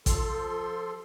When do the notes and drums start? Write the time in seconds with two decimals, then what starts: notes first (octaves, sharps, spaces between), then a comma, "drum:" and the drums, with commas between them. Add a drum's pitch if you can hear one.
0.06 F3 A4 C6, drum: kick, hi-hat